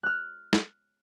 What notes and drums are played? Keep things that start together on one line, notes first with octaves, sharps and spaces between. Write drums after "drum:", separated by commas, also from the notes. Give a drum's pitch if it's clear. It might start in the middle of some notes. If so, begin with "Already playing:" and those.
F6 F#6
drum: snare